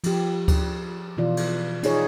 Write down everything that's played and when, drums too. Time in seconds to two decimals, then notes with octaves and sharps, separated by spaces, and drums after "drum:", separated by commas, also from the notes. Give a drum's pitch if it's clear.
0.04 F3 G4, drum: cymbal
0.48 drum: kick D2, cymbal
1.17 B2 E3 F4 D5
1.37 drum: cymbal
1.83 D#4 F4 G#4 C#5, drum: cymbal